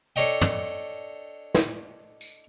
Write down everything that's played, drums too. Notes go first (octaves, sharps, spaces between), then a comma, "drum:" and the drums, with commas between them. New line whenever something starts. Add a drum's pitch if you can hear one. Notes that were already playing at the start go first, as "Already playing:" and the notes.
D4 A4 C#5 D#5 G5, drum: tambourine
drum: tom
drum: snare
drum: tambourine